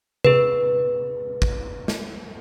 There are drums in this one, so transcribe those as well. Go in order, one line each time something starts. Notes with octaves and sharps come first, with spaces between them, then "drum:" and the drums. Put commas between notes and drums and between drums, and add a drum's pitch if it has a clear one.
G#4 B4, drum: tom C3
drum: kick
drum: snare